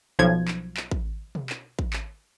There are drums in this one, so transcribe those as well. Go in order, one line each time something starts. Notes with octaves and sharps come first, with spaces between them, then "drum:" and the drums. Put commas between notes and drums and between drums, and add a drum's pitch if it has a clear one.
B1 F3 G#6
drum: clap
drum: clap
drum: kick
drum: tom B2
drum: clap
drum: kick
drum: clap